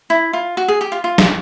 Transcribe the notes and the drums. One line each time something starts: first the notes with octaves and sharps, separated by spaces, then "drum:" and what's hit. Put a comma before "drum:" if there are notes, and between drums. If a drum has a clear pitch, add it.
E4
F4
F#4
G#4
G4
F4
F4
drum: snare